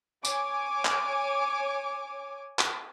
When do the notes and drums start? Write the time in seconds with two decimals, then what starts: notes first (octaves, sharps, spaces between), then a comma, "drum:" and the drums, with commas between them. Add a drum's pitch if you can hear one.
0.25 C#5 G#5 D6, drum: tambourine
0.85 drum: clap
2.59 drum: clap